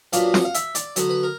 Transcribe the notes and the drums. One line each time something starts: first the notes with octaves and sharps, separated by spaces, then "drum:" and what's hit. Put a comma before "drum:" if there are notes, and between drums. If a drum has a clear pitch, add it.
A#2 F#3 B3 D4 F5, drum: hi-hat
F#5, drum: snare
F5
E5, drum: hi-hat
D5, drum: hi-hat
D3 F#3 B3, drum: hi-hat
B4
A#4